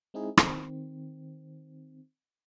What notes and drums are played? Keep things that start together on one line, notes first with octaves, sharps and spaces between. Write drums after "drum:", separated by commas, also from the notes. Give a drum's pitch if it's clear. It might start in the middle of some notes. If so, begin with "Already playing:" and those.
G#3 C4 D#4 E4 G#4
D#3 C4, drum: rim click